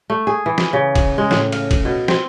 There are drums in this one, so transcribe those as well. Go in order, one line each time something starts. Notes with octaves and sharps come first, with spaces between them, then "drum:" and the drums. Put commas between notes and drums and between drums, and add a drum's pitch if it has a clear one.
A3
G#4
E3
drum: snare
C#3
drum: kick, cymbal
G#3
A2, drum: snare
F5, drum: cymbal
drum: kick, cymbal
B2
C4, drum: snare